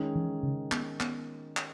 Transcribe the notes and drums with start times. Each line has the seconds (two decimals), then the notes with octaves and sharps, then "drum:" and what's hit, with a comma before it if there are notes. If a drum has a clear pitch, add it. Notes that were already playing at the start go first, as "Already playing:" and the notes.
Already playing: D#3 G#3 C#4 G#4
0.15 E3
0.43 C#3
0.72 B3, drum: clap
1.00 B3, drum: clap
1.57 drum: clap